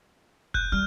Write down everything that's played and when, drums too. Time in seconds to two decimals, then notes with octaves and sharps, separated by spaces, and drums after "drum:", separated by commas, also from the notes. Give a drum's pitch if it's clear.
0.54 F#6 G6, drum: kick F1
0.72 G3 F6